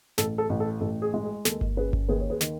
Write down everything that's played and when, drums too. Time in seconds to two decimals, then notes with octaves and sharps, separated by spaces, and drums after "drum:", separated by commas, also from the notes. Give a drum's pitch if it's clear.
0.18 A1 A4, drum: snare
0.38 A4
0.49 A1
0.60 A4
0.81 A1 A4
1.02 G#4
1.14 G#3
1.24 G#4
1.45 D#2 A4, drum: snare
1.61 drum: kick G1
1.77 C#4 G#4 B4
1.93 drum: kick G1
2.09 D#2 G#4 B4
2.20 C#5
2.30 G#4 B4
2.41 D#3, drum: snare